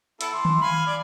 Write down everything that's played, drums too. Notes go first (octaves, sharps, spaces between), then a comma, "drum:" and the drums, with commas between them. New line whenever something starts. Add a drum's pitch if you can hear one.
B3 E4 A4, drum: hi-hat
E3 C6
drum: tom D#3
F5 G#5 B5
D5